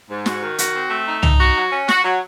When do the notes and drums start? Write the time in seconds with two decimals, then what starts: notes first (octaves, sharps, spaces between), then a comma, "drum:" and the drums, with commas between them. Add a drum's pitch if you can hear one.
0.10 G#2
0.26 F#4, drum: snare
0.42 D#3
0.58 F#4, drum: hi-hat
0.75 C4
0.90 A3
1.07 D#4
1.23 D#4, drum: tom C2
1.39 F#4
1.56 F#3
1.72 C#4
1.89 F#4, drum: snare
2.04 F#3